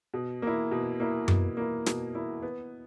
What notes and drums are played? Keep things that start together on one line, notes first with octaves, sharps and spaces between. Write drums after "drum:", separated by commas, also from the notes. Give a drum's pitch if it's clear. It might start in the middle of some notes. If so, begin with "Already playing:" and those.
B2
A#3 E4
B2
A#3 E4
B2, drum: tom F#2
A#3 E4
B2, drum: snare
A#3 E4
B3